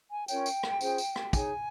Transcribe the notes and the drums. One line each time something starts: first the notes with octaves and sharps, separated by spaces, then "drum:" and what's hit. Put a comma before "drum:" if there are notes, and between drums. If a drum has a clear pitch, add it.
G#5
C#4 F4 A#4 C#5 G5, drum: tambourine
drum: tambourine
drum: rim click
C#4 F4 G#4 C5, drum: tambourine
drum: tambourine
drum: rim click
D#4 G#4 C#5 G#5, drum: kick, tambourine